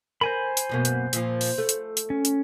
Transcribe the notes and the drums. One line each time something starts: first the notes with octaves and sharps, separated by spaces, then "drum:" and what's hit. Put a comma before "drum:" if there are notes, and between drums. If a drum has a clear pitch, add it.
A#4 C5 G#5 B5
drum: hi-hat
F#2 B2 A#3
drum: hi-hat
A#2 F3, drum: hi-hat
drum: open hi-hat
A3
drum: hi-hat
drum: hi-hat
C#4
drum: hi-hat